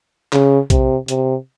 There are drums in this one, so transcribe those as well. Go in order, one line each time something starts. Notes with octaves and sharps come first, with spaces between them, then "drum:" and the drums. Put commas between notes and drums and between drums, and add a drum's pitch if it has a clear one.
C#3, drum: clap
C3, drum: kick B1, hi-hat
C3, drum: hi-hat